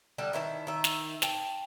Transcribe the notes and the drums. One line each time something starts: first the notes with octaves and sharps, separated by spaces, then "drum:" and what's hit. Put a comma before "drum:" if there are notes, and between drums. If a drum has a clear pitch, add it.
D3 G3 A5
D#3 E4 C5 A5
D#3 E5
drum: snare
G5 A5, drum: snare